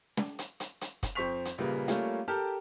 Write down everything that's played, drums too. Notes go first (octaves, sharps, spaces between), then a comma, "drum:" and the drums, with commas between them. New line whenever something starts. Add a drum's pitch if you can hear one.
drum: snare
drum: hi-hat
drum: hi-hat
drum: hi-hat
drum: kick, hi-hat
F2 C4 C5 C#6 B6 F7
drum: hi-hat
A#1 C#3 G3 A#3 B4
G3 A3 A#3 C#4 F4, drum: hi-hat
G4 A4 A#4 G5 A5 F6